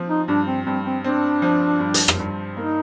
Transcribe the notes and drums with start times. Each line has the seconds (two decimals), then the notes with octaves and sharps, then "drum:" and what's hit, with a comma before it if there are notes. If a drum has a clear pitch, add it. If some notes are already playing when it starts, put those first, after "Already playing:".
Already playing: F3 C4
0.09 D#4
0.28 G2 D4
0.47 C4
0.66 G2 C4
0.85 C4
1.04 C4 D4
1.42 F3
1.80 G2
1.94 drum: hi-hat
2.08 drum: rim click
2.19 G2
2.56 A#3 D#4